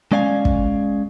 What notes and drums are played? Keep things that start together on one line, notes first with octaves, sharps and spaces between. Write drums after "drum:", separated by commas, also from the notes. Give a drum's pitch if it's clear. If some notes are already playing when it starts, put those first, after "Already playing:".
G#3 C#4 D5 F5 G5 G#5
drum: kick